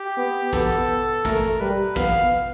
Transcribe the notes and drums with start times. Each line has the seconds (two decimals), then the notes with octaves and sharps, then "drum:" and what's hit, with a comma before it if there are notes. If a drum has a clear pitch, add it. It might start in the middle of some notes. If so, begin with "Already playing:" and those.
Already playing: G4
0.17 B3
0.53 B3 A4, drum: kick A1, hi-hat
1.25 A3 A#4, drum: kick A1, hi-hat
1.60 G3 B4
1.96 B3 F5, drum: kick A1, hi-hat